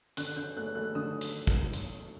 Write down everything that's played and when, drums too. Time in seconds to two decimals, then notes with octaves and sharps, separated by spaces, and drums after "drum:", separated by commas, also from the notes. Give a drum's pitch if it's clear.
0.17 D3 F#6, drum: hi-hat
0.36 D3 G6
0.56 A3 F#6
0.75 A3 F#6
0.95 D3 D#6
1.21 drum: hi-hat
1.47 drum: kick
1.73 drum: hi-hat